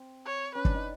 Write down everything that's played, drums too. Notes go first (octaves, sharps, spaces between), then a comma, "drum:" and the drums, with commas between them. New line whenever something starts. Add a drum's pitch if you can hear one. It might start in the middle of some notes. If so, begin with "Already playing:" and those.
Already playing: C4
C#5
C#4 B4
D4, drum: kick
D#4